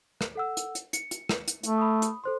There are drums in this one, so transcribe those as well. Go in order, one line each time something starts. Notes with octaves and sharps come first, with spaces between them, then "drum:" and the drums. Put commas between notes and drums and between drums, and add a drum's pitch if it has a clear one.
drum: rim click
A4 F#5 E6
drum: hi-hat
drum: hi-hat
C#7, drum: hi-hat
drum: hi-hat
drum: rim click
drum: hi-hat
A3, drum: hi-hat
B5 D#6
drum: hi-hat
A4 C5 C6